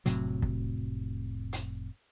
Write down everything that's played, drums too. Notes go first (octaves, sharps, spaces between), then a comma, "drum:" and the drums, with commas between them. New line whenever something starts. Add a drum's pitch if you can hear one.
F1 A2 C3 F#3, drum: hi-hat
drum: kick
drum: hi-hat